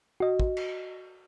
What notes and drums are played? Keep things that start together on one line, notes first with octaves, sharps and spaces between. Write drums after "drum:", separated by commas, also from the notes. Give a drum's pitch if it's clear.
F#4 D#5
drum: kick
drum: cymbal